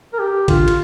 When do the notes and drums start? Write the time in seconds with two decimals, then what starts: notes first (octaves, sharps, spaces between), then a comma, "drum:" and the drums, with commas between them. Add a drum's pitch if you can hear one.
0.13 A#4
0.19 G4
0.48 D3 F4, drum: kick G#1, cymbal
0.68 drum: cymbal